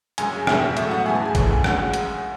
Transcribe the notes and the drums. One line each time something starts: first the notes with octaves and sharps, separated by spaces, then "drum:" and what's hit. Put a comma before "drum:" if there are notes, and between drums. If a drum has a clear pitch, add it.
F#2 C#3 G#3 G#5, drum: hi-hat
E2 B2 G#3 E5, drum: rim click
A2 F#3 A3 E5, drum: hi-hat
F#5
E2 C#3 E3 G#3 G#5
A5
G#5
C#2 C#3 E3 A3, drum: kick, hi-hat
F#2 C#3 G#3 F#5, drum: rim click
drum: hi-hat